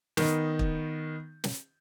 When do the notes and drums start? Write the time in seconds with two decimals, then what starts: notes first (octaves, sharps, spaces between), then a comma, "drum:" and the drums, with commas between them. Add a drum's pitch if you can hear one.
0.17 D#3 B3 D#4, drum: snare
0.59 drum: kick
1.44 drum: snare